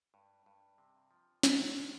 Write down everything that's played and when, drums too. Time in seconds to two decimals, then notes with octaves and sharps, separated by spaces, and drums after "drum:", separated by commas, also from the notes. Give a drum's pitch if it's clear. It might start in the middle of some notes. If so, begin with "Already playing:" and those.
0.14 G2
0.46 G2
0.78 C3
1.11 F3
1.43 F2, drum: snare
1.76 F3